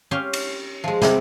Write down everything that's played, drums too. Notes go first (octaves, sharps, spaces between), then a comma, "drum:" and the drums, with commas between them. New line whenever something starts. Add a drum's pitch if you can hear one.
C#4 G4 F5 C6
drum: cymbal
F3 G#3
C3 G3 C6, drum: snare